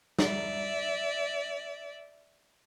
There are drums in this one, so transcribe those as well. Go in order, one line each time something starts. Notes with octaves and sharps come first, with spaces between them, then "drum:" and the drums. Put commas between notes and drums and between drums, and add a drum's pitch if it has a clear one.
D5 E5, drum: snare